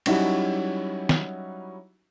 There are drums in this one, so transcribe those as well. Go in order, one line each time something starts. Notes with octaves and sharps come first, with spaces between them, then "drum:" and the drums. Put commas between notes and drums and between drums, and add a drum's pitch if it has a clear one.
F#3 G3 C#4 D#4 E4 F#4, drum: cymbal
drum: snare